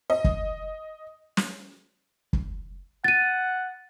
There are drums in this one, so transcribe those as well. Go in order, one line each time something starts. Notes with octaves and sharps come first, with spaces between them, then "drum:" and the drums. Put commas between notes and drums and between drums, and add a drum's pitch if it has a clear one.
D#5
drum: kick F#1
drum: snare
drum: kick F#1
F#5 A6 D#7